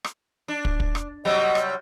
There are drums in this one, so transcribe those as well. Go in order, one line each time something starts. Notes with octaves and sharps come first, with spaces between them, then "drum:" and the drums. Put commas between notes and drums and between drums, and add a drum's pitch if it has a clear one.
drum: rim click
D4
drum: kick
drum: kick
drum: rim click
C3 F#3 G3 D#5
drum: rim click